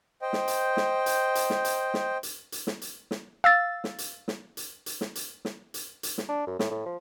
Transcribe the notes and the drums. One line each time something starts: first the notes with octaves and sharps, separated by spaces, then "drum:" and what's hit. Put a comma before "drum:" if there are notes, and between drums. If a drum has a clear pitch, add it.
C5 D#5 G5
drum: snare
drum: hi-hat
drum: snare
drum: hi-hat
drum: hi-hat
drum: snare
drum: hi-hat
drum: snare
drum: hi-hat
drum: hi-hat
drum: snare
drum: hi-hat
drum: snare
F5 E6 A6
drum: snare
drum: hi-hat
drum: snare
drum: hi-hat
drum: hi-hat
drum: snare
drum: hi-hat
drum: snare
drum: hi-hat
drum: hi-hat
drum: snare
D4
F#2
A2, drum: snare
A2
F3